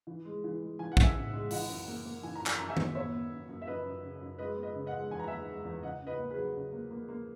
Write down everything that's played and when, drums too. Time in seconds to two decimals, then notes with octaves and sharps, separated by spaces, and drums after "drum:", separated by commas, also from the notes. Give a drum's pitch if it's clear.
0.07 E3
0.25 G#3
0.44 E3
0.61 G#3
0.79 E3 G#5
0.92 F#5
0.97 C#3, drum: kick
1.02 E5 G#5
1.15 C#3
1.33 G#3
1.51 E3 D#5 F#5, drum: open hi-hat
1.69 F#2
1.87 A#3
2.05 A#3
2.23 E3 G#5
2.35 A#5
2.41 F#2
2.46 G#5, drum: clap
2.58 F#2 A#5
2.69 E5 G#5
2.77 F#2, drum: tom D#3
2.95 B3 C#5 E5
3.13 B3
3.32 F#2
3.49 F#2
3.62 E5
3.67 F#2 B4 D#5
3.85 F#2
4.03 C#3
4.21 F#2
4.38 G#3 B4 D#5
4.57 B3
4.63 B4 D#5
4.75 C#3
4.86 D#5 F#5
4.93 G#3
5.11 E2 G#5
5.19 A#5
5.27 B3 E5 G#5
5.47 G#3
5.65 E2
5.83 C#3 D#5 F#5
6.01 C#3
6.07 B4 D#5
6.18 A#3
6.30 G#4 B4
6.37 F#3
6.55 C#3
6.72 A#3
6.91 A#3
7.08 A#3